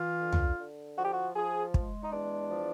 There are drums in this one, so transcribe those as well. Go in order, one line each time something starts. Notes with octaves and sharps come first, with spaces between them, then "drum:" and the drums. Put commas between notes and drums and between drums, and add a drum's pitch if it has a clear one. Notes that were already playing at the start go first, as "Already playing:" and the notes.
Already playing: E3 F4
D3
drum: tom
D3
F3 F#4
G4
F#4
F3 G#4
G#3, drum: kick
D#4
E2 D4
F3